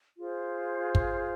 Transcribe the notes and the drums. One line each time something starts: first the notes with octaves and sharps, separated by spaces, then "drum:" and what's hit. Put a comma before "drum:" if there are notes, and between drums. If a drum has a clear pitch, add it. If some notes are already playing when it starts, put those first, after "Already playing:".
F4 G#4 C5
drum: kick